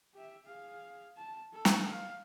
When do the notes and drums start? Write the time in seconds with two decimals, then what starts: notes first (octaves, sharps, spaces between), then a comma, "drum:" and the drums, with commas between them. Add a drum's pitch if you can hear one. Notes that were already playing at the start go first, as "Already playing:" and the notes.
0.14 G4 E5
0.45 G#4 F5
1.17 A5
1.53 A4
1.65 drum: snare
1.90 F5